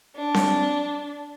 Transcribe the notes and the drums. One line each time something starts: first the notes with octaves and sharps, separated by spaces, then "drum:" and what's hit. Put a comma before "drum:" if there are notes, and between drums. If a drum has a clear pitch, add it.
D4
drum: snare C4